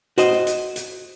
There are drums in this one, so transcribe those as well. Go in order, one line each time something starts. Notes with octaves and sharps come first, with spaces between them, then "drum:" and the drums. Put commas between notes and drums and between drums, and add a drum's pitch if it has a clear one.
F#4 C5 D#5, drum: hi-hat
drum: snare
drum: hi-hat
drum: hi-hat